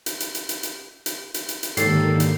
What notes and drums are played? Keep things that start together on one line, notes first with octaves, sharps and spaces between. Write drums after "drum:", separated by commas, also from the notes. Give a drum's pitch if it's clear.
drum: hi-hat
drum: hi-hat
drum: hi-hat
drum: hi-hat
drum: hi-hat
drum: hi-hat
drum: hi-hat
drum: hi-hat
drum: hi-hat
G#2 D3 D#3 A#3 G4 A4 C#5 C7, drum: hi-hat
drum: hi-hat